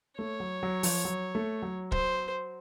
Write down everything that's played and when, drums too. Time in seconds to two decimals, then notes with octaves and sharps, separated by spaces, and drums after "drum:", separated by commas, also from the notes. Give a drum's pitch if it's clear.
0.18 A3 C#5
0.40 F#3
0.63 F#3
0.83 F3, drum: open hi-hat
1.05 F#3
1.35 A3
1.62 F#3
1.92 C5, drum: kick D1